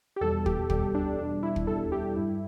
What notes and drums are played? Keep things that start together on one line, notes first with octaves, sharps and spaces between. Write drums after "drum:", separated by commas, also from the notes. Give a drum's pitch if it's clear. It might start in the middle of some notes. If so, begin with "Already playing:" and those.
G4
E2 B2 G3 A4
G4, drum: kick
E2 B2 G3 G4, drum: kick
D4
E2 B2 G3 D4
E4
drum: kick
E2 B2 G3 A4
G4
G2 G3 E4